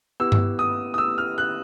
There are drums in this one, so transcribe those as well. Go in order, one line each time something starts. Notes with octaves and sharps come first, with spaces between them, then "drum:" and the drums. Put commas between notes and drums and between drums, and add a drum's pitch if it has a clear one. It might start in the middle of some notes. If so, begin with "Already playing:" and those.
B3 E4 G4 B4 E6
drum: tom G2
D#6
D#6
E6
F6
F#6